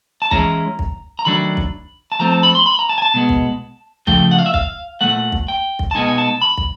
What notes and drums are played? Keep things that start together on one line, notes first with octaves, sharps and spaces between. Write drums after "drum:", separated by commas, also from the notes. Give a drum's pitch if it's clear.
A5
E3 G#3 C#4 E4 A#5, drum: kick
drum: kick
A#5
D#3 F#3 A3 D4 B5
drum: kick
A5
F3 A3 C4 A#5
A5
B5
C6
B5
A#5
A5
G#5
A5
B2 G#3 B3
drum: kick
C#3 F3 A3 G5, drum: kick
F#5
F5
E5
F5, drum: kick
A#2 F3 A3 F#5
drum: kick
G5
drum: kick
A5
B2 G#3 B3 D#4 G#5
G#5
A5
B5
drum: kick